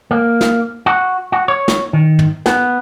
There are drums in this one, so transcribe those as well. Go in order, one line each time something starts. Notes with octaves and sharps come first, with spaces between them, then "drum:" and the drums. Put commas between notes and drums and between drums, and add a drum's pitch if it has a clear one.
A#3
drum: snare
F#4
F#4
C#5
drum: snare
D#3
drum: tom
B3, drum: snare